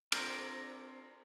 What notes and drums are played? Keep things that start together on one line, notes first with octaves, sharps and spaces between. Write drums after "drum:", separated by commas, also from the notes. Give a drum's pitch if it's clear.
C4 D4 F4 A#4 D5, drum: cymbal